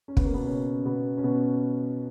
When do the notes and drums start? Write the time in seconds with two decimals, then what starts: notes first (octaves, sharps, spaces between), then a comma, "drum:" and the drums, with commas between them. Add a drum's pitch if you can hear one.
0.08 C#4
0.17 B3, drum: kick
0.26 A#3
0.34 B2 B3
0.46 C#3 C#4
0.85 B2 B3
1.17 C#4
1.24 B2 B3